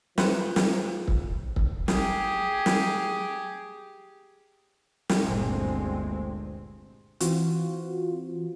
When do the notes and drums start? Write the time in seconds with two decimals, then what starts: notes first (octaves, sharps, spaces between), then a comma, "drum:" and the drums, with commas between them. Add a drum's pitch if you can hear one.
0.18 F3 B4 C5 F#5, drum: snare
0.56 drum: snare
1.08 drum: kick
1.56 drum: kick
1.88 G4 G#4, drum: snare
2.66 drum: snare
5.09 drum: snare
5.20 G1 D2 G2 A#2 G#3 C4
7.20 E3 C4 F4 F#4, drum: hi-hat